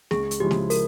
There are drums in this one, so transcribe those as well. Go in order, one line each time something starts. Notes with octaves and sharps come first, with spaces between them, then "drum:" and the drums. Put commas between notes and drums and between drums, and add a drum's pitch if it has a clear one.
C#2 G#4, drum: snare
drum: hi-hat
C#3 F3 G#3 E4 G4
drum: snare
A#4, drum: open hi-hat